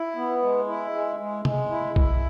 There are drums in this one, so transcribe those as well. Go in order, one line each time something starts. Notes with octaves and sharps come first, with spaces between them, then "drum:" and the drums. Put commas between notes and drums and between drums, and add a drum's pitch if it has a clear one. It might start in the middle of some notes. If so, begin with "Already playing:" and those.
Already playing: E4
B3
G#3
E4
G#3
G#3
G#3, drum: tom C3
E4
E4, drum: kick A#1